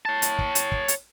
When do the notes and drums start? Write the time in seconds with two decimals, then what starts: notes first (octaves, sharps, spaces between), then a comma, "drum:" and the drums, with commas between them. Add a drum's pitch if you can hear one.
0.05 C#5 A5
0.22 drum: hi-hat
0.39 drum: kick
0.55 drum: hi-hat
0.72 drum: kick
0.88 drum: hi-hat